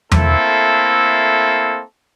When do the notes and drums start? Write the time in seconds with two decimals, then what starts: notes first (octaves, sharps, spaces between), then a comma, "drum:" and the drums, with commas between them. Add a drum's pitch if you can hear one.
0.12 A3 A#3 C4 E4 A4, drum: tom E2